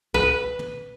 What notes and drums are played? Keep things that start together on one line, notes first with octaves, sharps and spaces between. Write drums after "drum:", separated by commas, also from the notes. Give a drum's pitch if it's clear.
B4, drum: kick C2
drum: tom